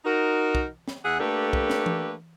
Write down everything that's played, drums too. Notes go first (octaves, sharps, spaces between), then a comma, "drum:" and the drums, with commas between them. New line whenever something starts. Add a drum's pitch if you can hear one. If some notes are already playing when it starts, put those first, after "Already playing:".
D#4 F#4 A#4
drum: kick
drum: snare
E2 G#4 E5 F#5
A3 A#3 D4 G4 A4 B4
drum: kick
drum: snare
drum: tom E3